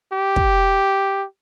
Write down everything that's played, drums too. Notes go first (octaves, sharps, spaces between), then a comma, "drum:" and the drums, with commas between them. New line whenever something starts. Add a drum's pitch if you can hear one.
G4
drum: kick